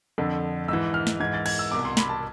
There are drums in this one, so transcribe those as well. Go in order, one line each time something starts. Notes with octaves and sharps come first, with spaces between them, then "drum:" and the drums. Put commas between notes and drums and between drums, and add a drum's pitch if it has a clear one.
F2 D3
G#2 E3 E6
F6
drum: snare
G#2 E3 G#6
A6
G#6, drum: cymbal
E6
C2 B2 D6
C6
B5, drum: snare
A5